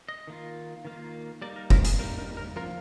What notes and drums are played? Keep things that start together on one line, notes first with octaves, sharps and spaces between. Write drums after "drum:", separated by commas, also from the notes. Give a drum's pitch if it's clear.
D#5
D#3 A#3 F4
D#3 A#3 F4
G3 A#3 D#4 D5
A#4
A#4, drum: kick
G#4, drum: hi-hat
G3 A#3 D#4 A#4
A#4
A#4
F3 A#3 F4 A#4